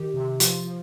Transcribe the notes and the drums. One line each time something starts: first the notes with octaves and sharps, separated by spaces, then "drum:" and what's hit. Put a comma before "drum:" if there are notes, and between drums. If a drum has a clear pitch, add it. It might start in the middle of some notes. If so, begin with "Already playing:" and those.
Already playing: D#3 G4
C3
F3 F4, drum: hi-hat
F3